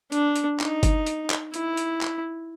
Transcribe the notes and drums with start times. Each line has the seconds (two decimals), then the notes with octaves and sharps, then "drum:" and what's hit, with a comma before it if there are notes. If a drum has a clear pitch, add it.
0.12 D4, drum: hi-hat
0.36 drum: hi-hat
0.60 D#4, drum: clap
0.83 drum: kick G1, hi-hat
1.06 drum: hi-hat
1.30 drum: clap
1.54 E4, drum: hi-hat
1.77 drum: hi-hat
2.01 drum: clap